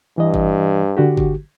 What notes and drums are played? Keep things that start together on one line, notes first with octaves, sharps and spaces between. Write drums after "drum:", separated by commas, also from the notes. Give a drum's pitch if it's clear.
G2 E3 D#5
drum: kick G#1
D3 F#4 G4
drum: kick G#1